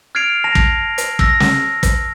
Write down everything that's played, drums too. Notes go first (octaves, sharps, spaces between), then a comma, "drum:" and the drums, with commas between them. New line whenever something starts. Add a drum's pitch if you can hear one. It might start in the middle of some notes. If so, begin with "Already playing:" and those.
F6 G#6 A6 C7 D7 F7
A5 A#6 F7
drum: kick
drum: hi-hat
E6 A#6, drum: kick
drum: snare
drum: kick, hi-hat